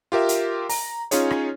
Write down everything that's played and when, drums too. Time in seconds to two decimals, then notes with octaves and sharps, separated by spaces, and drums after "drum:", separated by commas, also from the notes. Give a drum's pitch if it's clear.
0.12 F4 G4 A#4 E5
0.29 drum: hi-hat
0.69 A#5, drum: open hi-hat
1.11 C#4 D#4 F4 G#4 C#5, drum: hi-hat
1.31 drum: rim click